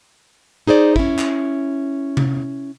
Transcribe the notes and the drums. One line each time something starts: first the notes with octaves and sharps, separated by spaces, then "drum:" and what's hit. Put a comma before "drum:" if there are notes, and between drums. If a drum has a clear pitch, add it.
D#4 G#4 C5 D5
C#4 E4, drum: kick
drum: clap
drum: tom C3